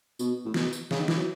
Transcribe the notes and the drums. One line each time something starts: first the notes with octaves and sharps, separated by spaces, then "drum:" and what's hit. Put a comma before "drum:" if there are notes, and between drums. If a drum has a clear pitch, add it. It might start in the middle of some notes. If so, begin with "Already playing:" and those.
B2, drum: tambourine
A2
B2, drum: snare
drum: tambourine
C#3, drum: snare
D#3
E3, drum: snare
F#3